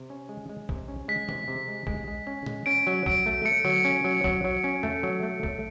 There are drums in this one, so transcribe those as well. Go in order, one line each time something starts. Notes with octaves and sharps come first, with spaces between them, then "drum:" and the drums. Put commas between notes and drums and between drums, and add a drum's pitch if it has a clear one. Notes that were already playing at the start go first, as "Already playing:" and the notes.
Already playing: C3
C#4
G#3
G#3
C3, drum: kick B1
C#4
G#3 B6
C3, drum: tom E3
C3
G#3
G#3, drum: kick B1
G#3
C#4
G#3, drum: tom
C#4 D7
F#3
F#3 D7, drum: kick B1
A3
A3 C#7
F#3, drum: tom
C#4
F#3
F#3, drum: kick B1
F#3
C#4
A3, drum: tom E2
F#3
A3
A3, drum: kick B1